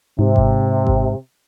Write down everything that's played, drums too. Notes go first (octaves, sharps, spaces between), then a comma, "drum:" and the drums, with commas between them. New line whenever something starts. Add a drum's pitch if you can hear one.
G#2 C3
drum: kick G#1
drum: kick G#1